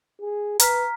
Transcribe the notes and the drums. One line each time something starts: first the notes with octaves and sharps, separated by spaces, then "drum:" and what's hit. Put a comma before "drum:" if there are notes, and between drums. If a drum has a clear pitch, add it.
G#4
B4 A#5 F6 B6, drum: hi-hat